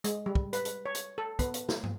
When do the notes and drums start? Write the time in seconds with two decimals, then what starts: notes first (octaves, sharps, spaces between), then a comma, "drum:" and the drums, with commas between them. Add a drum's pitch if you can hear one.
0.04 G#3, drum: hi-hat
0.26 G3
0.35 drum: kick
0.53 B4, drum: hi-hat
0.65 drum: hi-hat
0.86 C#5
0.95 drum: hi-hat
1.18 A4
1.39 B3, drum: kick, hi-hat
1.54 drum: hi-hat
1.69 drum: snare
1.83 drum: tom